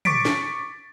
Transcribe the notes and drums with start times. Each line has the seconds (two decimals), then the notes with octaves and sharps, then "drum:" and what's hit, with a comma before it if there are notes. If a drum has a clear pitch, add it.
0.05 C#6 D6 A6 B6 D7, drum: tom
0.25 drum: snare